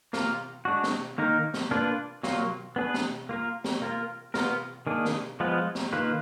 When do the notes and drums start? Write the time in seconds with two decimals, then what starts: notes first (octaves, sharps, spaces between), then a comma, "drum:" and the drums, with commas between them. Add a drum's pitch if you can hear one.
0.13 A#3 F4 A#4, drum: snare
0.65 G#3 D4 F#4
0.83 drum: snare
1.18 D#3 A#3 D#4 A#4
1.54 drum: snare
1.71 A#3 D4 F4 B4
2.23 F#3 A#3 F4, drum: snare
2.76 B3 D4 G#4 B4
2.94 drum: snare
3.29 A#3 F4 A#4
3.64 drum: snare
3.82 A#3 F4 A#4
4.34 B3 F4 A#4, drum: snare
4.87 D#3 A#3 D4 G#4
5.05 drum: snare
5.40 F3 G#3 B3 F4 B4
5.75 drum: snare
5.93 D#3 A#3 F4 B4